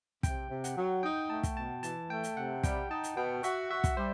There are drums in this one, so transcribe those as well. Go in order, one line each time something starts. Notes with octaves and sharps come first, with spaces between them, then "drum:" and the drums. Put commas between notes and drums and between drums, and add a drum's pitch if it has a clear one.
C3 G5, drum: kick, hi-hat
C3
F#5, drum: hi-hat
F#3
D#4 G5
A3 A5
drum: kick, hi-hat
B2 A5
E3 A5, drum: hi-hat
A3 G5
drum: hi-hat
C3 F#5
G3 G5, drum: kick, hi-hat
D#4 A5
drum: hi-hat
B2 G5
F#4 E5, drum: hi-hat
F#4 E5
drum: kick, hi-hat
G3 C5